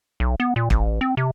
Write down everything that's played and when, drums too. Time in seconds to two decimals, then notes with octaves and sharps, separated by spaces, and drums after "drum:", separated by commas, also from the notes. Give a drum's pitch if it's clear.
0.20 B1
0.40 B3
0.56 A#2
0.70 A1, drum: kick
1.01 C4
1.17 C3